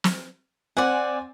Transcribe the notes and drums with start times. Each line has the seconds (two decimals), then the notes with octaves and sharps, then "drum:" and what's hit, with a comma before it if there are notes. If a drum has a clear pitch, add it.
0.04 drum: snare
0.77 C4 D5 F#5 G#5